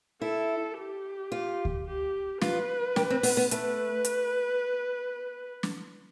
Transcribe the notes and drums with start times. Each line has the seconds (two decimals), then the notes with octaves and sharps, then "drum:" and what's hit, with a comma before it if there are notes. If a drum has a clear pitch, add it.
0.22 E4 A4
0.78 G4
1.32 F4
1.65 drum: kick D2
1.86 G4
2.41 F4 B4, drum: snare
2.96 G4, drum: snare
3.10 C4
3.23 B3, drum: open hi-hat
3.37 B3
3.51 A3 B4, drum: hi-hat
4.05 drum: hi-hat
5.63 drum: snare